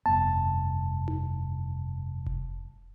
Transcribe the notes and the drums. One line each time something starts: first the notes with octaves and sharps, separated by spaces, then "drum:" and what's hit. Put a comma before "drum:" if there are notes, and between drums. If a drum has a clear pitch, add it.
F1 G2 B3 A5
drum: tom D#4
drum: kick F1